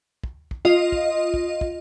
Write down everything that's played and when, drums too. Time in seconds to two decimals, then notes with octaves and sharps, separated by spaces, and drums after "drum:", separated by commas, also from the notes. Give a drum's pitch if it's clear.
0.24 drum: kick
0.51 drum: kick
0.65 F4 D#5, drum: snare
0.92 drum: kick
1.34 drum: kick
1.61 drum: kick